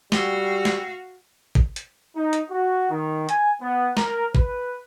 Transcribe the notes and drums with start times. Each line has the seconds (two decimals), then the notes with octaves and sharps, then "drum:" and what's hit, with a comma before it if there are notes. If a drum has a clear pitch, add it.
0.12 G3 F#4 F5 G5 C#6 E6, drum: snare
0.65 drum: snare
1.55 drum: kick
1.76 drum: hi-hat
2.16 D#4
2.33 drum: hi-hat
2.50 F#4
2.90 D#3
3.29 G#5, drum: hi-hat
3.62 B3
3.97 A#4, drum: snare
4.35 B4, drum: kick